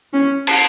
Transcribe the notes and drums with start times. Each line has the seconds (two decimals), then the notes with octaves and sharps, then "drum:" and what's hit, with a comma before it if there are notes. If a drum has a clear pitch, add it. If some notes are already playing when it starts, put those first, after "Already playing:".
0.13 C#4
0.47 drum: cymbal